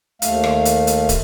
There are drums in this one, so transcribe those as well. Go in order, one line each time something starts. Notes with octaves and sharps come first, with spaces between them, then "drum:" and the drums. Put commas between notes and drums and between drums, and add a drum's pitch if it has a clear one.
D#2 A3 F5, drum: hi-hat
drum: rim click
drum: hi-hat
drum: hi-hat
drum: kick, hi-hat